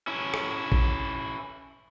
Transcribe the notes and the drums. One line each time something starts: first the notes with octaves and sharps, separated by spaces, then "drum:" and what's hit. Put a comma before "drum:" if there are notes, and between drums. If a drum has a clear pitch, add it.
C#4 E4
drum: rim click
drum: kick A1